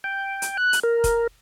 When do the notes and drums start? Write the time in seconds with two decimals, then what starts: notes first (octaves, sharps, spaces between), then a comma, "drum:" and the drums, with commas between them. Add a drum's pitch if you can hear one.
0.04 G5
0.42 drum: hi-hat
0.57 F#6
0.73 drum: hi-hat
0.83 A#4
1.04 drum: kick, hi-hat